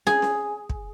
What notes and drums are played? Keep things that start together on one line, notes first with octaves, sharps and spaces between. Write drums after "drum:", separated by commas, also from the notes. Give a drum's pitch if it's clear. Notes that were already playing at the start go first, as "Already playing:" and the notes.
G#4, drum: snare
drum: snare
drum: kick